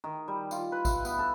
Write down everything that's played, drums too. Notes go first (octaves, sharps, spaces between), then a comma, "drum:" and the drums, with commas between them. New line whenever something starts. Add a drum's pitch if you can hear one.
D#3
G3
F4, drum: tambourine
B4
E5, drum: kick G#1, tambourine
B3, drum: tambourine
A4